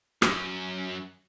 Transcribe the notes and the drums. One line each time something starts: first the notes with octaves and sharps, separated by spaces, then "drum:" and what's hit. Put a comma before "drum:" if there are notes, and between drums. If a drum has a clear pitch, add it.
F#2, drum: rim click